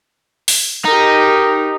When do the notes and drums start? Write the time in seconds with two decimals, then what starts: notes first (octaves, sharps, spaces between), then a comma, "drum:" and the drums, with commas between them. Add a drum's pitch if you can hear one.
0.48 drum: open hi-hat
0.85 D#4 G4 A#4